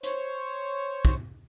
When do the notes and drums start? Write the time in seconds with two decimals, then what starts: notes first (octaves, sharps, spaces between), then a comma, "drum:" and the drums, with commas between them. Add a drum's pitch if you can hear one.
0.03 C5 C#5, drum: hi-hat
1.05 drum: kick